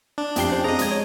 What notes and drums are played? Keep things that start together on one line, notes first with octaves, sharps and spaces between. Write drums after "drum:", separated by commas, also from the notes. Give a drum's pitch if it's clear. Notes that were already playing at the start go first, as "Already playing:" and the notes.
D4
F2 A3 G4 G5 C7 G7, drum: hi-hat
C#4 C5
C4 G#4 D#5 F5 A#5
G#3 D#6 G#6, drum: hi-hat
C#5